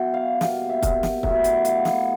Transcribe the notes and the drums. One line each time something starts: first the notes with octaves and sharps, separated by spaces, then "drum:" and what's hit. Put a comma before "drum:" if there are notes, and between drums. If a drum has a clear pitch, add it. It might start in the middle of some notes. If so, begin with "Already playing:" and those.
Already playing: F#3 B3 E4 G5
F5
B2 G3 A#3 F5, drum: snare
E5
drum: kick, hi-hat
drum: snare
A2 F#3 B3 E4 E5, drum: kick
drum: hi-hat
F5, drum: hi-hat
drum: snare